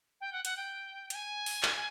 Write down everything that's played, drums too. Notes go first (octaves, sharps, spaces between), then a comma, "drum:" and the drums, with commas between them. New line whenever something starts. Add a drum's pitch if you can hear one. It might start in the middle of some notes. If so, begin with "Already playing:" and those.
G5
F#5
F#5, drum: hi-hat
G5
G5, drum: hi-hat
G#5
drum: open hi-hat
drum: clap